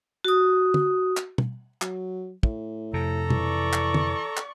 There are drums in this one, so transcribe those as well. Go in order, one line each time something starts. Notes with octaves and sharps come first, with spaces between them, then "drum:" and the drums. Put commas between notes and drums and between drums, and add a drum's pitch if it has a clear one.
F#4 D#6
drum: tom
drum: clap
drum: tom
F#3, drum: clap
A2, drum: kick
F2 C3 A4 A#5
E3 D5 C#6, drum: tom
drum: clap
drum: tom
drum: clap